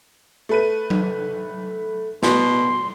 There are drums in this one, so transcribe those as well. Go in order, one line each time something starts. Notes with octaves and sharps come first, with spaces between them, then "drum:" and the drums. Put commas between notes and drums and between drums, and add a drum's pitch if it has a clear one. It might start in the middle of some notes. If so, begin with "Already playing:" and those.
A3 B4 D#7
drum: tom F#3
B2 C6, drum: snare